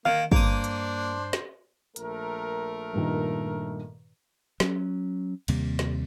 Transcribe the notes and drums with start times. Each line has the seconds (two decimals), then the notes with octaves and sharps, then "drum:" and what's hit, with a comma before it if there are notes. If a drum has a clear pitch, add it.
0.05 D#3 A#3 F5
0.32 G2 A#3 D4 C5 D#6, drum: kick
0.64 drum: hi-hat
1.33 drum: snare
1.96 A#1 A3 A#4, drum: hi-hat
2.93 G2 A#2 D#3
4.60 F#3 C#4, drum: snare
5.48 D#2 C3 G3 A#3, drum: cymbal
5.79 drum: snare